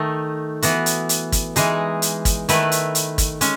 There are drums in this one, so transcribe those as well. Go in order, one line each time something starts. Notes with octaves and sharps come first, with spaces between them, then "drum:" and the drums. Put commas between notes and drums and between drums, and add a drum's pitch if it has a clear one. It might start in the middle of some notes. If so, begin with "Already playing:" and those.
Already playing: D#3 A3 D#4
E3 B3 F#4, drum: hi-hat
drum: hi-hat
drum: hi-hat
drum: kick G#1, hi-hat
E3 G#3 D#4 G#4, drum: hi-hat
drum: hi-hat
drum: kick G#1, hi-hat
D#3 A3 E4 B4, drum: hi-hat
drum: hi-hat
drum: hi-hat
drum: kick G#1, hi-hat
G#3 C#4, drum: hi-hat